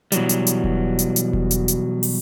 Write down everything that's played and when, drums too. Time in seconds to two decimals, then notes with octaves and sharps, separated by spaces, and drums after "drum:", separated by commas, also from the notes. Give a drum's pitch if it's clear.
0.12 B2 E3 F#3 G3, drum: hi-hat
0.29 drum: hi-hat
0.47 drum: hi-hat
0.64 drum: kick E1
0.99 drum: hi-hat
1.16 drum: hi-hat
1.33 drum: kick E1
1.51 drum: hi-hat
1.68 drum: hi-hat
2.03 drum: open hi-hat